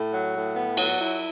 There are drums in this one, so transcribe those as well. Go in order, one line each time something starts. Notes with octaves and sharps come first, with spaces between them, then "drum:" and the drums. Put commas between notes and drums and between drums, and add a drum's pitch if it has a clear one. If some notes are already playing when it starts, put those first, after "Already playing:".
Already playing: A2
F#3
A2
B3
F#3, drum: cymbal
E4